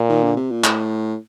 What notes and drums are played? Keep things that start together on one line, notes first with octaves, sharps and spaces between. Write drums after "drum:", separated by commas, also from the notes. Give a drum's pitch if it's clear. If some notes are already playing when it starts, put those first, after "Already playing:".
Already playing: A#2
D#3
D3
C3
A#2
A2, drum: clap